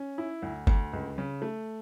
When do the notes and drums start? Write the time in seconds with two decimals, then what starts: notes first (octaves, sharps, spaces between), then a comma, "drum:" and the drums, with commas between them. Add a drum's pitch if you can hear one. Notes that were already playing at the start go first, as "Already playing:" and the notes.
Already playing: C#4
0.18 E4
0.42 D2
0.67 D2, drum: kick G1
0.93 C#2
1.18 C#3
1.42 A3